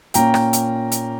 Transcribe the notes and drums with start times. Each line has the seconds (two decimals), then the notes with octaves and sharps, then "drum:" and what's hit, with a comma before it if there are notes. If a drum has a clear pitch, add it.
0.14 A#2 A#3 C#4 G5 A#5, drum: hi-hat
0.34 drum: rim click
0.53 drum: hi-hat
0.92 drum: hi-hat